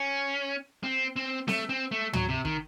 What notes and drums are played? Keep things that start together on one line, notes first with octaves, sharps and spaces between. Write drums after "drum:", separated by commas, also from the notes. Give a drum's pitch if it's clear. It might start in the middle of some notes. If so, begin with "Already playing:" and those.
Already playing: C#4
C4
C4
A3, drum: snare C4
C4
A3
F#3, drum: tom
C3
D#3, drum: kick